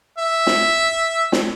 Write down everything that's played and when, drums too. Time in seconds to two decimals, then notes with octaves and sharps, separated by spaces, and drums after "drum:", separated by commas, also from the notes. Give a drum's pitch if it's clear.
0.18 E5
0.47 drum: snare
1.32 drum: snare